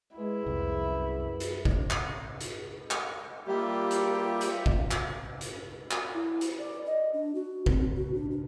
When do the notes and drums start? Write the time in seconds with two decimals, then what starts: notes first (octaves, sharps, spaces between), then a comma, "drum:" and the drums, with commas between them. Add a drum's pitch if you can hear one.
0.16 G#3 E4 G#4 B4 E5
0.46 C2 F2
0.83 F#2
1.40 drum: hi-hat
1.65 drum: kick
1.90 drum: clap
2.41 drum: hi-hat
2.91 drum: clap
3.47 G3 A#3 F4 G4 E5
3.91 drum: hi-hat
4.41 drum: hi-hat
4.66 drum: kick
4.91 drum: clap
5.41 drum: hi-hat
5.91 drum: clap
6.14 E4
6.41 drum: hi-hat
6.59 D5
6.87 D#5
7.13 D4
7.35 F#4
7.66 C4, drum: kick
7.96 F#4
8.14 D4
8.31 D4